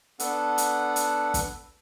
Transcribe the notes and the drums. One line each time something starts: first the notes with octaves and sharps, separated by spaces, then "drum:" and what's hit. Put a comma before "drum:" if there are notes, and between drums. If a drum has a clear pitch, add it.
B3 D4 A4 F#5, drum: hi-hat
drum: hi-hat
drum: hi-hat
drum: kick, hi-hat